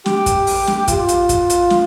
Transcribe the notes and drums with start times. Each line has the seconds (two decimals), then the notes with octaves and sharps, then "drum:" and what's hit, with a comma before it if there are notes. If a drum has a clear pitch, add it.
0.06 G4, drum: snare
0.26 drum: kick, hi-hat
0.47 drum: open hi-hat
0.67 drum: snare
0.88 F4, drum: kick, hi-hat
1.09 drum: hi-hat
1.29 drum: kick, hi-hat
1.50 drum: hi-hat
1.70 drum: snare